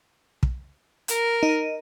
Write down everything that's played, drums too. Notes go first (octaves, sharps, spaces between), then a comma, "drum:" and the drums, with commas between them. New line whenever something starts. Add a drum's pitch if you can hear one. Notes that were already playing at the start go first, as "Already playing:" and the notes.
drum: kick
A#4, drum: hi-hat
D#4